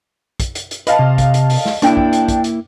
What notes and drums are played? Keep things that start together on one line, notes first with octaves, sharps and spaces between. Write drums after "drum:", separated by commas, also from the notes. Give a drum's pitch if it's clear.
drum: kick, hi-hat
drum: hi-hat
drum: hi-hat
B4 D#5 F5 A5, drum: hi-hat
C3
drum: kick, hi-hat
drum: hi-hat
drum: open hi-hat
drum: snare
A#3 D4 E4 G5, drum: hi-hat
drum: kick
drum: hi-hat
drum: kick, hi-hat
drum: hi-hat